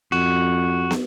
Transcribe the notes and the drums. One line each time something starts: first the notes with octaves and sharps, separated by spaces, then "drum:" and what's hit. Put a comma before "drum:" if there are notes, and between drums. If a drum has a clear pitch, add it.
F2 F#4
drum: snare